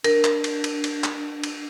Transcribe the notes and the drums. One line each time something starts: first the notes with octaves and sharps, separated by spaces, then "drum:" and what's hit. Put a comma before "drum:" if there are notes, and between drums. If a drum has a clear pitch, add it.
D4 A#4, drum: cymbal
drum: clap
drum: cymbal
drum: cymbal
drum: cymbal
drum: clap
drum: cymbal